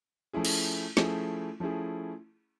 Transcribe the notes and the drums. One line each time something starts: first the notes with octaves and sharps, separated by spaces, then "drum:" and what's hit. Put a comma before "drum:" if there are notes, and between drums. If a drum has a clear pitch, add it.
F3 A3 C#4 E4 G#4
drum: cymbal
F3 A3 C#4 E4 G#4, drum: snare
F3 A3 C#4 E4 G#4